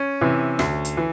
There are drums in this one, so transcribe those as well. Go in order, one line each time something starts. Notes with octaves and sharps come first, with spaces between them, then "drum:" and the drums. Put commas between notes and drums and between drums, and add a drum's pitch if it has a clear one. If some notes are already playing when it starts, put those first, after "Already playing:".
Already playing: C#4
C3 E3
D2, drum: snare
drum: hi-hat
E3